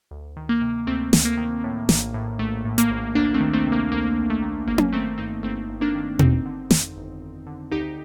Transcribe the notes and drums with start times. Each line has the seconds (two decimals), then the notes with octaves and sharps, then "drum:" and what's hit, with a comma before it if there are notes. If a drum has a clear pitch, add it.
0.11 D2
0.37 D#3
0.49 A#3
0.61 C3
0.87 D2 A3 C4
1.13 D2, drum: snare
1.25 A#3
1.37 D#3
1.64 A2
1.89 A#1, drum: snare
2.14 A2
2.39 A#1 A3
2.65 A2
2.78 A#3, drum: hi-hat
2.90 A#1
3.15 D2 A#3 D4
3.34 A3 C4
3.40 D#3
3.53 A3 C4
3.66 C3
3.72 A#3
3.91 D2 A#3
4.17 D2
4.30 A3
4.42 D#3
4.68 G1 A#3
4.78 drum: tom C#4
4.92 D#3 A3 C4
5.18 G2 C4 D#4
5.43 G1 A3 C4
5.69 G1
5.81 A#3 D4
5.95 D#3
6.19 G1 C4 D#4, drum: tom
6.45 D3
6.71 F2, drum: snare
6.96 G1
7.22 G1
7.46 D3
7.72 D2 D#4 G4